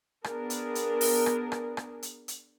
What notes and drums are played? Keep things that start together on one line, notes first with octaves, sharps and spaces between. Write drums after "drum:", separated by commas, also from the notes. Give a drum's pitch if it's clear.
B3 D4 G#4 A#4, drum: rim click
drum: hi-hat
drum: hi-hat
drum: open hi-hat
drum: rim click
drum: rim click
drum: rim click
drum: hi-hat
drum: hi-hat